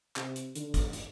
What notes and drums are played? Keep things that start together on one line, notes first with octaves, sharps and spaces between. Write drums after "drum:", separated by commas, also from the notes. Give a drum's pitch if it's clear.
C3, drum: clap
drum: hi-hat
D3, drum: hi-hat
drum: kick, hi-hat
drum: hi-hat